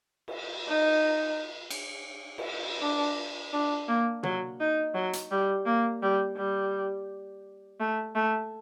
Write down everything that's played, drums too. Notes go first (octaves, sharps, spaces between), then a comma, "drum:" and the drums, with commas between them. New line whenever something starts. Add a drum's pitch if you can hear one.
drum: cymbal
D#4
drum: cymbal
drum: cymbal
D4
D4
A#3
F#3, drum: tom
D#4
F#3
drum: hi-hat
G3
A#3
G3
G3
A3
A3